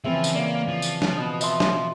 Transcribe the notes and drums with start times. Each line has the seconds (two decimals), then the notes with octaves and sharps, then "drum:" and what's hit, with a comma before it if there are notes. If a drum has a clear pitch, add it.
0.05 C#3 E3 F3 C4 E5
0.24 drum: tambourine
0.35 A#3 D5 F5
0.68 F3
0.82 drum: tambourine
1.02 drum: snare
1.17 B2 D#6
1.41 D#5 E5 C6, drum: tambourine
1.60 drum: snare